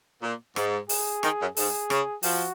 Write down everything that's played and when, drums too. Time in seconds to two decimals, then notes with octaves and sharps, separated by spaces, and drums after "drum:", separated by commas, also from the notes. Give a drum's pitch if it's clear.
0.22 A#2
0.56 G#2, drum: rim click
0.89 G#4, drum: open hi-hat
1.23 D#3, drum: rim click
1.40 F#2
1.57 G#2 G#4, drum: open hi-hat
1.90 C#3, drum: rim click
2.23 F3 F#4, drum: open hi-hat